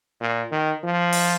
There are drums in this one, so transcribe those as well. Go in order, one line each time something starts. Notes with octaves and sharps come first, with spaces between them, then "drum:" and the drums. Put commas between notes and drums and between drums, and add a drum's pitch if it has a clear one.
A#2
D#3
F3
drum: open hi-hat